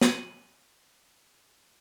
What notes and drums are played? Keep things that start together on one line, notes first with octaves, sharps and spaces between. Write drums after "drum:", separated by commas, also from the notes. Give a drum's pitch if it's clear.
D#7 F#7, drum: snare